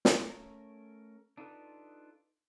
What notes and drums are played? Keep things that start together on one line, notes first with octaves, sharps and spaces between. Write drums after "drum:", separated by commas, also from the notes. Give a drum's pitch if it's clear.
drum: snare
A3 C#4 A#4
D4 D#4 F4 G4 A4 B4